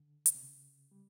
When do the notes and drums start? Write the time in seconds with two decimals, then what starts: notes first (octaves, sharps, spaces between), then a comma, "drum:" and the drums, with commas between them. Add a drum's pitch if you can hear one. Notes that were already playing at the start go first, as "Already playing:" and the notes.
Already playing: D3
0.26 drum: hi-hat
0.35 C3
0.43 C#3
0.91 G3